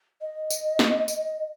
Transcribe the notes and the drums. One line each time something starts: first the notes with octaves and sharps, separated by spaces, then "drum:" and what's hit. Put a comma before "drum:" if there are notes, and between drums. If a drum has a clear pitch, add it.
D#5
drum: tambourine
drum: snare
drum: tambourine